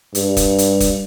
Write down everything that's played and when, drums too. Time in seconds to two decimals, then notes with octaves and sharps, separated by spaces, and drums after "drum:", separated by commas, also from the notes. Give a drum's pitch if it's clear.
0.15 G2, drum: hi-hat
0.37 drum: kick, hi-hat
0.58 drum: hi-hat
0.80 drum: kick, hi-hat